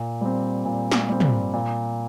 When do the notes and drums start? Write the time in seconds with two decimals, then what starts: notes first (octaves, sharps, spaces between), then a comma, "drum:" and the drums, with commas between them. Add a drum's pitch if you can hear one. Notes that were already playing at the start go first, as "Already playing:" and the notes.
Already playing: A#2
0.21 G3 C4
0.65 A#2
0.92 drum: snare
1.09 G3 C4
1.20 drum: tom
1.53 A#2